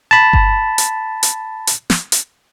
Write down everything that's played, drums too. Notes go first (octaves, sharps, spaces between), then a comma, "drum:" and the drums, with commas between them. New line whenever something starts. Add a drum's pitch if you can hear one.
A5 B5
drum: kick G1
drum: hi-hat
drum: hi-hat
drum: hi-hat
drum: snare
drum: hi-hat